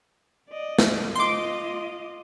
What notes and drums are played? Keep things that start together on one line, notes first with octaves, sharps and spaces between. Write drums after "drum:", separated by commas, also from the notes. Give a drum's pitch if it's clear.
D5 D#5
drum: snare
F4 D#5 C6 D6